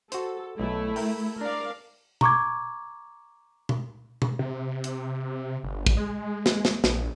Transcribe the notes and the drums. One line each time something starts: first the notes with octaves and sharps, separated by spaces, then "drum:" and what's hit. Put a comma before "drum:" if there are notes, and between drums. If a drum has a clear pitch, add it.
F#4 A4 C5, drum: hi-hat
B1 A3 E4
A#4 E5 G5, drum: open hi-hat
D4 A#4 D5 F5
A#5 C#6 D6 G#6, drum: tom B2
drum: tom B2
drum: tom B2
C3
drum: hi-hat
G1
drum: kick
G#3
drum: snare
drum: snare
A#1, drum: snare